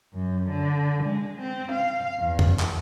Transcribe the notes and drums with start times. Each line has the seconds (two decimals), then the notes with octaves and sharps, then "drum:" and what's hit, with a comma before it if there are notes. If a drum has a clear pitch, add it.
0.13 F#2
0.49 D3
1.03 G#3
1.41 C4
1.72 F5
2.19 E2
2.39 drum: tom F2
2.59 drum: clap